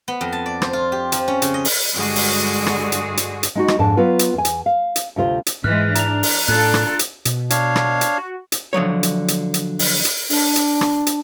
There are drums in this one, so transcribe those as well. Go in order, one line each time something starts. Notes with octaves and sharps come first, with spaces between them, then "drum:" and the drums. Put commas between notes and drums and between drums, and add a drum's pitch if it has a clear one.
B3
F2
A5
D5
C5, drum: rim click
F4
G4
F3, drum: hi-hat
C#4
C#3, drum: hi-hat
D#5
drum: open hi-hat
G2 D3 G3 G#3 F#4 G#4
drum: open hi-hat
drum: rim click
drum: hi-hat
drum: hi-hat
drum: hi-hat
G#3 D#4 F#4
drum: rim click
F2 G#2 D4 A5
F#3 B3 F4 B4
drum: hi-hat
E2 G#5
drum: hi-hat
F5
drum: hi-hat
D2 C3 F4 C5
drum: hi-hat
G#2 E3 G#3 F6 F#6
D4 A#5 F7, drum: hi-hat
drum: open hi-hat
A2 D4 F4 A4 F#6
drum: rim click
drum: hi-hat
B2, drum: hi-hat
D4 C#5 F5, drum: hi-hat
drum: rim click
drum: hi-hat
F#4
drum: hi-hat
D3 F3 F#3 C#5
drum: hi-hat
drum: hi-hat
drum: hi-hat
drum: open hi-hat
drum: hi-hat
D4, drum: open hi-hat
drum: hi-hat
drum: rim click
drum: hi-hat